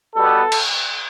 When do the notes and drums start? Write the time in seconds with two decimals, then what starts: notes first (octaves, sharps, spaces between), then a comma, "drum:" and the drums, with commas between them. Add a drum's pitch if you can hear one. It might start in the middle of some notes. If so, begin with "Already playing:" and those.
0.15 B2 G3 B3 A4
0.52 drum: cymbal